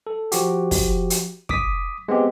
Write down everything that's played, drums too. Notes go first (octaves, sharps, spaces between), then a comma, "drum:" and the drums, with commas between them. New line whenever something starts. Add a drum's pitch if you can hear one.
A4
F3 F#4 G4, drum: hi-hat
drum: kick, open hi-hat
drum: hi-hat
D6 D#6 B6, drum: kick
G#3 B3 C4 G4